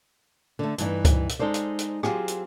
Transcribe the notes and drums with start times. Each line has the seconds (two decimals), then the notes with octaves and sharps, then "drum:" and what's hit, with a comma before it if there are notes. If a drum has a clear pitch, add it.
0.59 D3 A3
0.78 G2 E3 D#4, drum: hi-hat
1.05 drum: kick C#2, hi-hat
1.29 drum: hi-hat
1.39 G#3 D#4 A4 C5 D5
1.54 drum: hi-hat
1.79 drum: hi-hat
2.03 F#3 C4 F4 G4 G#4, drum: rim click
2.28 drum: hi-hat